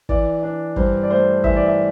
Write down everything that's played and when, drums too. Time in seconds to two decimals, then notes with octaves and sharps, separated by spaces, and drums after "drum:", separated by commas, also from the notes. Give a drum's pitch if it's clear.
0.09 E3 D5, drum: kick
0.43 D4
0.76 G2 C5, drum: kick
1.03 D5
1.10 A3 C5
1.44 E3 E5, drum: kick
1.56 D5
1.66 E5